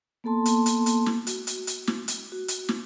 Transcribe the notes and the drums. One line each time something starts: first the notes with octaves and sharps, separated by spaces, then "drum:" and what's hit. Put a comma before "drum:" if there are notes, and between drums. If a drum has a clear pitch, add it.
A#3 B3 A4 A5 C6
drum: hi-hat
drum: hi-hat
drum: hi-hat
drum: snare
F#4, drum: hi-hat
drum: hi-hat
drum: hi-hat
drum: snare
drum: hi-hat
F#4
drum: hi-hat
drum: snare